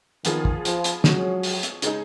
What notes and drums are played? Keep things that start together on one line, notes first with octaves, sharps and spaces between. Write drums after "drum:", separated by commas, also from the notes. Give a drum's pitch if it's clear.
D#3 F3 B3 F4 G#4, drum: hi-hat
drum: kick
F3, drum: hi-hat
drum: hi-hat
F3 F#3 G#3 C#4 G#4, drum: snare
drum: open hi-hat
drum: hi-hat
C#3 G#3 D#4 G#4, drum: hi-hat